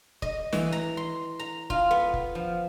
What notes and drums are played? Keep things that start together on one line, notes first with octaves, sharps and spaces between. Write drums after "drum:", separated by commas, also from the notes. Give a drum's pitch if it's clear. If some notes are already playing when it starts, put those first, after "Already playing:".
D#5, drum: kick F1
E3, drum: snare
A#5
C6
A#5
F4, drum: kick F1
B3
drum: kick F1
F3